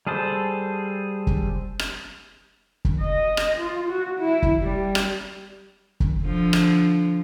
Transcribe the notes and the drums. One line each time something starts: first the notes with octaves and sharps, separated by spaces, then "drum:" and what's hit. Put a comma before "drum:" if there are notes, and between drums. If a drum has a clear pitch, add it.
G3 G#4 A4 C5
drum: kick
drum: rim click
drum: kick
D#5
drum: rim click
F4
F#4
E4
drum: kick
G3
drum: rim click
drum: kick
D3 F3
drum: rim click